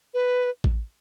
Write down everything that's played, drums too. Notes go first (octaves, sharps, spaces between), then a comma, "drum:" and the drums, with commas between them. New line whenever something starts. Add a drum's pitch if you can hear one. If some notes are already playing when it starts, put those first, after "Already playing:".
B4
drum: kick A1